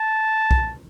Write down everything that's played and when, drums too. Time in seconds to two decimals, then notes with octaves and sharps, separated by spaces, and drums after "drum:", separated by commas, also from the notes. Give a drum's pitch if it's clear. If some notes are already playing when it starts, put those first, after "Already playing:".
Already playing: A5
0.51 drum: kick B1